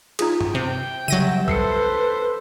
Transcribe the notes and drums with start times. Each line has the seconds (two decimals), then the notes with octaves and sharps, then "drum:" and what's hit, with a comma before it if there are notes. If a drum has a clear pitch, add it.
0.19 D#4 F4 G#4, drum: cymbal
0.41 drum: tom G2
0.55 C3 G5
1.08 F#3 G3 E5 A#6 D#7, drum: tom C#3
1.48 A4 B4 C5 E6 C7 C#7, drum: kick B1